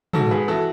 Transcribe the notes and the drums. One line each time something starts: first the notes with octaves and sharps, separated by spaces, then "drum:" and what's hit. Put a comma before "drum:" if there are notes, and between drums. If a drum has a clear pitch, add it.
G#2 F#4 A4, drum: tom
G#4 B4
E3 F#4 A4